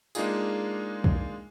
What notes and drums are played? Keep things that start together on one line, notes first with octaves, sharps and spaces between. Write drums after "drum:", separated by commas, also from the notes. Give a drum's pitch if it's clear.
G#3 A#3 D4 D#4 F4 G#4, drum: tambourine
drum: kick